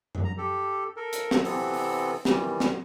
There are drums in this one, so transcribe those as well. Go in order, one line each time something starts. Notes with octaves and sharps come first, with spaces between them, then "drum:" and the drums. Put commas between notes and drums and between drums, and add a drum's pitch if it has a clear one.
drum: tom F#2
A#5
G4 A4
A4 A#4
drum: hi-hat
drum: snare
C3 E3 B3 C4 A4, drum: open hi-hat
drum: open hi-hat
D#3 E3 G3, drum: snare
drum: snare